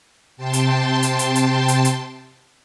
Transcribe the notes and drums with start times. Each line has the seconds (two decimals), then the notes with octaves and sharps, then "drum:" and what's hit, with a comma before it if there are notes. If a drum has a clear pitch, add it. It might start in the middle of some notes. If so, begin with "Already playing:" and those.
0.37 C3 G5 A5 C6
0.53 drum: hi-hat
1.03 drum: hi-hat
1.19 drum: hi-hat
1.35 drum: hi-hat
1.68 drum: hi-hat
1.85 drum: hi-hat